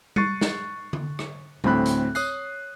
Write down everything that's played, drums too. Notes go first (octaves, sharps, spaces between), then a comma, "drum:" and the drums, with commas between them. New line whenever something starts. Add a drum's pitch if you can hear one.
C#6 F#6 A6 C7 C#7 D#7, drum: tom G3
drum: snare
drum: tom D3
drum: rim click
D2 A2 C4 B5 F#6, drum: tom G3
drum: hi-hat
C#5 D#6 F#6 C7, drum: tambourine